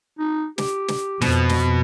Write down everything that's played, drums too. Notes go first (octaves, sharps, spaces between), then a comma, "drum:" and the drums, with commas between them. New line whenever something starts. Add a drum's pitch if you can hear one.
D#4
G4, drum: snare
drum: snare
F2 B2 F3, drum: snare
drum: snare